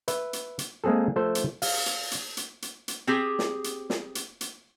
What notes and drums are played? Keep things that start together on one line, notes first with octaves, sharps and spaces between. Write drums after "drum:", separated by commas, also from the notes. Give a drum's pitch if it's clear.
B4 E5, drum: hi-hat
drum: hi-hat
drum: hi-hat
G#3 A#3 C4 G#4 A4
F3 A3 A4 C5 E5
drum: hi-hat
F5, drum: open hi-hat
drum: hi-hat
drum: hi-hat
drum: hi-hat
drum: hi-hat
drum: hi-hat
C4 G4 G#4
drum: snare
drum: hi-hat
drum: snare
drum: hi-hat
drum: hi-hat